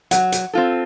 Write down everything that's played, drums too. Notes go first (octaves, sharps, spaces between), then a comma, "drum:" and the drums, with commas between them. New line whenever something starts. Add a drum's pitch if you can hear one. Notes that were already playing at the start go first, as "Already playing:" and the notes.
F#3 F#5, drum: hi-hat
drum: hi-hat
C4 F4 A4